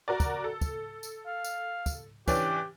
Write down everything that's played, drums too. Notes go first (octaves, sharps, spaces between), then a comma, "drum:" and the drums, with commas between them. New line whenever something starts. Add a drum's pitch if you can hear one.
F#4 A#4 D5
drum: kick, tambourine
A4
drum: kick, tambourine
drum: tambourine
F5
drum: tambourine
drum: kick, tambourine
E3 C#4 D4 G4, drum: kick, tambourine